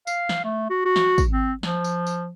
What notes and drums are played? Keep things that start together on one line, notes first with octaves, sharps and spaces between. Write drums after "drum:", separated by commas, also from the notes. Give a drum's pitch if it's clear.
F5, drum: tambourine
drum: snare
A3
F#4
F#4
drum: snare
drum: kick, tambourine
C4
F3, drum: snare
drum: tambourine
drum: tambourine